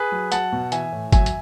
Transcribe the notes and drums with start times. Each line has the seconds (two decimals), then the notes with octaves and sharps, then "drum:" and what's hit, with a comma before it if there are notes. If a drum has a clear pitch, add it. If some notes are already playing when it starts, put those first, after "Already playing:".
Already playing: G#4 B4
0.12 F#3
0.32 F#3 F#5 A5, drum: hi-hat
0.52 B2
0.72 E3 E5 G#5, drum: hi-hat
0.92 A2
1.12 F#3 E5 G#5, drum: kick, hi-hat
1.26 drum: hi-hat